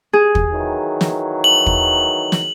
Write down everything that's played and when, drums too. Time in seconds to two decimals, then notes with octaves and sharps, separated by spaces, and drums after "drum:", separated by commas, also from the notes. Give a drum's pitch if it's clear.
0.13 G#4
0.35 drum: kick
0.51 D#3 E3 F#3
1.01 drum: snare
1.44 F#7
1.66 drum: kick
2.32 drum: snare